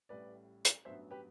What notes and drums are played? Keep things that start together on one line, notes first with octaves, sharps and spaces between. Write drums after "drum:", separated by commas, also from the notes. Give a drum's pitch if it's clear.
A1 A2 G3 B4 D5
drum: hi-hat
A1 G2 F#3 B3 C5 E5
G4 B4